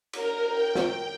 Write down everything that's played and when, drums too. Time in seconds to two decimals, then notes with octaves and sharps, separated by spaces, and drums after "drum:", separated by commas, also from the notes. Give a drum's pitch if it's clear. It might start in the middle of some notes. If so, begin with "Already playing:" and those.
0.13 A#4, drum: cymbal
0.49 G5
0.75 drum: snare